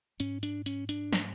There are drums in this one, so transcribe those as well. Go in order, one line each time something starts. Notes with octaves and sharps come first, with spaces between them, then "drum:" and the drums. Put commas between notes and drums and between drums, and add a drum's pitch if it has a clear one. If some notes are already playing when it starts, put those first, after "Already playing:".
G#2 C#4, drum: hi-hat
D4, drum: hi-hat
C#4, drum: hi-hat
D4, drum: hi-hat
drum: snare